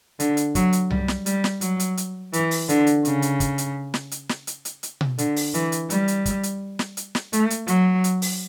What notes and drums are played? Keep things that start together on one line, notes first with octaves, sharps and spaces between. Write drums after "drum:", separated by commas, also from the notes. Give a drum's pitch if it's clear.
D3, drum: hi-hat
drum: hi-hat
F#3, drum: kick, hi-hat
drum: hi-hat
G3, drum: tom C2
drum: snare
G3, drum: hi-hat
drum: snare
F#3, drum: hi-hat
drum: hi-hat
drum: hi-hat
E3, drum: hi-hat
drum: open hi-hat
D3, drum: hi-hat
drum: hi-hat
C#3, drum: hi-hat
drum: hi-hat
drum: kick, hi-hat
drum: hi-hat
drum: snare
drum: hi-hat
drum: snare
drum: hi-hat
drum: hi-hat
drum: hi-hat
drum: tom B2
D3, drum: hi-hat
drum: open hi-hat
E3, drum: hi-hat
drum: hi-hat
G3, drum: hi-hat
drum: hi-hat
drum: kick, hi-hat
drum: hi-hat
drum: snare
drum: hi-hat
drum: snare
A3, drum: hi-hat
drum: hi-hat
F#3, drum: hi-hat
drum: hi-hat
drum: open hi-hat